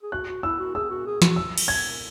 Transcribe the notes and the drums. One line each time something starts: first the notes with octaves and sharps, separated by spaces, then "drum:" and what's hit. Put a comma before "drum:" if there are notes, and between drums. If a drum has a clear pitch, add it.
G#4
F#4 F#6
F#4
E4 E6
F#4
G#4 E6
F#4
G#4
F#4, drum: snare
E6
drum: cymbal
G#6